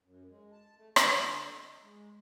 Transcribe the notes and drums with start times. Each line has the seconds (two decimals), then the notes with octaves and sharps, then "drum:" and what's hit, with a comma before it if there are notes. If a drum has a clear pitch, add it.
0.01 F#2
0.28 G#3
0.52 A5
0.76 A3
0.96 D3, drum: rim click
1.45 D#5
1.82 G#3